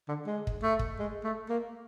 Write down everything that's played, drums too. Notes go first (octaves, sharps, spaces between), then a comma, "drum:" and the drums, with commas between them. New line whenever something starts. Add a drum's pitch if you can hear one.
D3
G#3
drum: kick
A3
drum: kick
G#3
A3
A#3